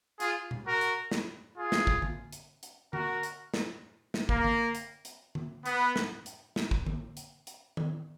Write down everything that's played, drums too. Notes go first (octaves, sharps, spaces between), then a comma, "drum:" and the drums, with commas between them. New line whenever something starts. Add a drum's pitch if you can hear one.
F4 G#4, drum: hi-hat
drum: tom B2
F#4 A#4
drum: hi-hat
drum: snare
F4 G#4
drum: snare
drum: kick
drum: tom D3
drum: hi-hat
drum: hi-hat
F#4 A#4, drum: tom D3
drum: hi-hat
drum: snare
drum: snare
A#3, drum: kick
drum: tom D3
drum: hi-hat
drum: hi-hat
drum: tom D3
B3, drum: hi-hat
drum: snare
drum: hi-hat
drum: snare
drum: kick
drum: tom D3
drum: hi-hat
drum: hi-hat
drum: tom D#3